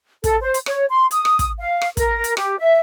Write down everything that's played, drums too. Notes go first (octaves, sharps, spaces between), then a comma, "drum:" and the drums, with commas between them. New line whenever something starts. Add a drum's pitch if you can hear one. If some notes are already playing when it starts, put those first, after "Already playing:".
A4, drum: kick, hi-hat
C5
drum: hi-hat
C#5, drum: rim click
C6
D#6, drum: hi-hat
drum: rim click
drum: kick, hi-hat
F5
drum: rim click
A#4, drum: kick, hi-hat
drum: hi-hat
G4, drum: rim click
E5